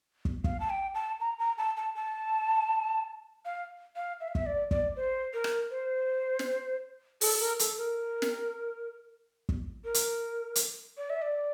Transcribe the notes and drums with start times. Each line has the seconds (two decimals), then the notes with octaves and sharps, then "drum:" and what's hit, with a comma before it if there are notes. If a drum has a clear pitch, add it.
0.25 drum: kick
0.44 F5, drum: kick
0.60 A5
0.70 G5
0.95 A5
1.20 A#5
1.39 A#5
1.58 A5
1.77 A5
1.95 A5
3.45 F5
3.96 F5
4.20 E5
4.28 F5
4.35 E5, drum: kick
4.46 D5
4.71 D5, drum: kick
4.96 C5
5.33 A#4
5.44 drum: rim click
5.71 C5
6.39 drum: snare
7.21 A4, drum: open hi-hat
7.40 A#4
7.59 A4, drum: hi-hat
7.78 A#4
8.22 drum: snare
9.49 drum: kick
9.84 A#4
9.94 drum: hi-hat
10.55 drum: hi-hat
10.97 D5
11.10 E5
11.22 D5